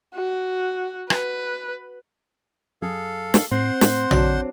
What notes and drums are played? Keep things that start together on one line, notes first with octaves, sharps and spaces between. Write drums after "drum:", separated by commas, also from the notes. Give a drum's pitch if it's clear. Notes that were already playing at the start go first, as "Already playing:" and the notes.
F#4
B4, drum: rim click
F#2 G#4 A4 F5
drum: snare
A2 C4 C5 F#5 C6
A2, drum: snare
D3 F#3 D4, drum: tom A#1